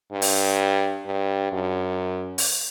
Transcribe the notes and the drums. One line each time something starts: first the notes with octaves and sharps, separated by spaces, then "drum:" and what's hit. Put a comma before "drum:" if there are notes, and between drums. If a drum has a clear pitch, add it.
G2
drum: open hi-hat
G2
F#2
drum: open hi-hat